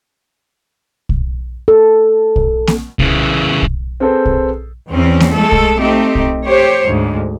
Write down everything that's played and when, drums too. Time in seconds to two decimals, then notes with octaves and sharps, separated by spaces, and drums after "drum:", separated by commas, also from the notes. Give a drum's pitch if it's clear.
1.09 drum: kick
1.68 A4
2.36 drum: kick
2.67 drum: snare A#3
2.99 C#3 E3, drum: kick
3.62 drum: kick
4.00 C4 G#4 A4 B4 C5
4.26 drum: kick
4.93 E2 C4 C#4
5.20 drum: snare A#3
5.35 G#3 A3 A4
5.52 drum: kick
5.79 A3 C4 D#4 G4
6.15 drum: kick
6.47 G4 C5 C#5
6.87 D2 G#2